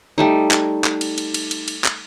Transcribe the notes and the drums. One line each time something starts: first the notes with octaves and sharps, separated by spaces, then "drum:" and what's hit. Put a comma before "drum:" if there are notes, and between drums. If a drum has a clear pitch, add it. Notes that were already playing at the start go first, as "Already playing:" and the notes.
G3 A3 D#4
drum: clap
drum: clap
drum: cymbal
drum: cymbal
drum: cymbal
drum: cymbal
drum: cymbal
drum: clap